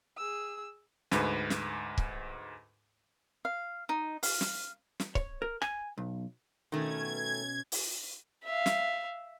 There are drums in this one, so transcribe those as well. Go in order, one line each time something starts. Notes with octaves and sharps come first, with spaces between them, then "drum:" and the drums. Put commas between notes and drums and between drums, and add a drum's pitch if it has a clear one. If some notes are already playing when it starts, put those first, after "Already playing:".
G#4 E6
D2 G#2 B4, drum: snare
drum: snare
drum: kick
F5
D#4
F5, drum: open hi-hat
drum: snare
drum: snare
C#5, drum: kick
A#4
G#5, drum: rim click
B1
B2 D#3 A3 C#4 G#6
drum: open hi-hat
E5 F5
drum: snare